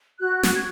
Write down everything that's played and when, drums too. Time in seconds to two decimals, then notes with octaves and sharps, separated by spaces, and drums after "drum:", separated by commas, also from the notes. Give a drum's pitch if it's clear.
0.19 F#4 F#6
0.43 drum: snare
0.55 F#4 G#6